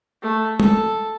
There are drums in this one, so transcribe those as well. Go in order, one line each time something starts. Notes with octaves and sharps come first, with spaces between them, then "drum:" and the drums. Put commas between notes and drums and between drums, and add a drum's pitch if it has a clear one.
A3
A4, drum: tom G#3